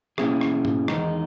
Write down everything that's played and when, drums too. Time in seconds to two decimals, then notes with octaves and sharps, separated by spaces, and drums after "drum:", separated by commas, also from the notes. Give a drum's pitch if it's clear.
0.18 B2 A#3 C#4 E4 G#4, drum: rim click
0.41 drum: rim click
0.65 drum: tom G#2
0.88 E2 D#3 G#3 D#4, drum: rim click